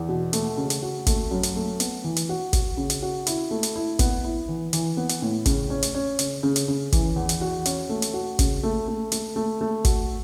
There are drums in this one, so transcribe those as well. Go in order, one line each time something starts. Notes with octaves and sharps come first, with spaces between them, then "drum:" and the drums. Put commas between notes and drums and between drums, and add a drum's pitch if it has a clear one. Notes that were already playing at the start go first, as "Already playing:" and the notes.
Already playing: E2
B2
A3, drum: hi-hat
C#3
drum: hi-hat
F#4
A3, drum: kick, hi-hat
F#2
drum: hi-hat
A3
B3, drum: hi-hat
E3
drum: hi-hat
F#4
F#4, drum: kick, hi-hat
C#3
drum: hi-hat
F#4
E4, drum: hi-hat
A3
drum: hi-hat
E4
B3, drum: kick, hi-hat
E4
E3
E3, drum: hi-hat
B3
drum: hi-hat
A2
C#3, drum: kick, hi-hat
C#4
drum: hi-hat
C#4
C#3, drum: hi-hat
C#3
drum: hi-hat
C#3
E3, drum: kick, hi-hat
E2
drum: hi-hat
F#4
C#4, drum: hi-hat
A3
drum: hi-hat
F#4
C#3, drum: kick, hi-hat
A3
A3
A3, drum: hi-hat
A3
A3
F#4, drum: kick, hi-hat